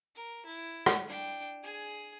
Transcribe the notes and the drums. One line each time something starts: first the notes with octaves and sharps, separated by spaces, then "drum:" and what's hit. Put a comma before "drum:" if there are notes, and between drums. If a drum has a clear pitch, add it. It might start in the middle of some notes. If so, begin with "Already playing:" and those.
A#4
E4
drum: rim click
D4 G5
G#4 G#5